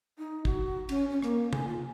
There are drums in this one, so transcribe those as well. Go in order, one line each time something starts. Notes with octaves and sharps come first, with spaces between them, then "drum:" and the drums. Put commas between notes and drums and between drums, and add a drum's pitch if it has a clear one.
D#4
F#4, drum: kick
C#4, drum: cymbal
C#4
A#3, drum: rim click
G#5, drum: tom C3
F4